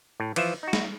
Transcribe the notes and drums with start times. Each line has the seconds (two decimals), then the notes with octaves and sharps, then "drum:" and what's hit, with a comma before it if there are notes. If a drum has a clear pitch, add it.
0.20 A2
0.36 E3 F3 F4 E5, drum: cymbal
0.63 D#4 F#4
0.73 drum: snare